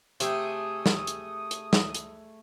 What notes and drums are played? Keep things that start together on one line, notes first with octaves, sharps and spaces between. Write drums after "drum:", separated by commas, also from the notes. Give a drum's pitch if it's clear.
C3 A3 G#4 G5 D#6, drum: hi-hat
drum: snare
drum: hi-hat
drum: hi-hat
drum: snare
drum: hi-hat